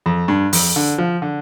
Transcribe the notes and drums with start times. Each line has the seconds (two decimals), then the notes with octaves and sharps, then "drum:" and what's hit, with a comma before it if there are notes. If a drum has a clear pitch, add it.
0.06 F2
0.28 G2
0.53 F2, drum: open hi-hat
0.76 D3
0.98 F3
1.22 D3